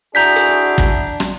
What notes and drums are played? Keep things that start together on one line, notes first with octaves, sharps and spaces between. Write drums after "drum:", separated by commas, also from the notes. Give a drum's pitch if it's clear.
D4 E4 F#4 G#4 A#5 G6 B6
drum: hi-hat
drum: kick
drum: rim click